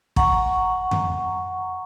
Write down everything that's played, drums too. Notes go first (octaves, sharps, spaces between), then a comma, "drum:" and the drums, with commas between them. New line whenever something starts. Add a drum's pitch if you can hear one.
F#5 A#5 C#6, drum: kick
drum: tom F2